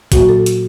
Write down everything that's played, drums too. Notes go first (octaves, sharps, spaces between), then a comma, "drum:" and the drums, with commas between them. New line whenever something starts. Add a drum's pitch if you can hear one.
A#2 F#3 A#3 F#4, drum: kick, hi-hat
A4
drum: hi-hat